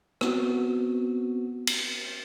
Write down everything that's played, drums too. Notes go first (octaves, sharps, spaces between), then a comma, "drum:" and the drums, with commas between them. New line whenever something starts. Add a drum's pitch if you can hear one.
B3 C4 F#4, drum: rim click
drum: cymbal